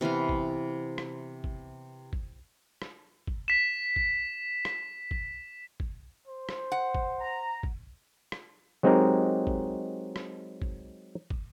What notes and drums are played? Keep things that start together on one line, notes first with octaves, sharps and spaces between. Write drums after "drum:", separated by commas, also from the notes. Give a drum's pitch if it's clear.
C3 E3 B3 F5
drum: kick
drum: rim click
drum: kick
drum: kick
drum: rim click
drum: kick
B6 E7
drum: kick
drum: rim click
drum: kick
drum: kick
C5
drum: rim click
F#5
drum: kick
A#5
drum: kick
drum: rim click
F#3 G#3 C4 D#4 G4 A#4
drum: kick
drum: rim click
drum: kick
drum: kick